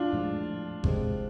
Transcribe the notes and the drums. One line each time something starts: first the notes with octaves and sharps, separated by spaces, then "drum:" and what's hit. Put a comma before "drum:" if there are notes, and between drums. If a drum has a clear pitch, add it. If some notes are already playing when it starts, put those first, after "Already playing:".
Already playing: D4 F4
A2 F3 G#3
C3 G#3 C4, drum: kick G1